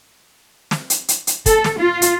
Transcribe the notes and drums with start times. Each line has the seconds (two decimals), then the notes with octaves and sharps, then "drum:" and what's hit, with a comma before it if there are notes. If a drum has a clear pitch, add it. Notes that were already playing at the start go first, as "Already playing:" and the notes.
0.71 drum: snare
0.90 drum: hi-hat
1.08 drum: hi-hat
1.27 drum: hi-hat
1.46 A4, drum: kick, hi-hat
1.64 drum: snare
1.78 F4
2.02 drum: hi-hat